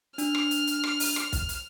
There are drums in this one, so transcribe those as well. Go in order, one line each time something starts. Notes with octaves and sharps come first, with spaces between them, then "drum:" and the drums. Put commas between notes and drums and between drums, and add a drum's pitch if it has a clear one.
D4 F6, drum: hi-hat
drum: rim click
drum: hi-hat
drum: hi-hat
drum: rim click
drum: open hi-hat
drum: rim click
drum: kick, hi-hat
drum: hi-hat